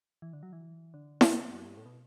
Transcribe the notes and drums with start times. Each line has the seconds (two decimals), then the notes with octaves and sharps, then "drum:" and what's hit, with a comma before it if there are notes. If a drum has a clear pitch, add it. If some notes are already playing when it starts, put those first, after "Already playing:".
0.22 E3
0.33 D3
0.43 F#3
0.53 E3
0.94 D3
1.21 drum: snare E4
1.35 C3
1.45 B2
1.50 G2
1.55 F#2
1.65 G2
1.77 A2
1.86 B2